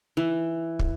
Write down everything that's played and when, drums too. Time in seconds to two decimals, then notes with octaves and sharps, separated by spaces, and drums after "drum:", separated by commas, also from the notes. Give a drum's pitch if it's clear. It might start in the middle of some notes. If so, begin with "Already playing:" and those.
0.17 E3
0.79 drum: kick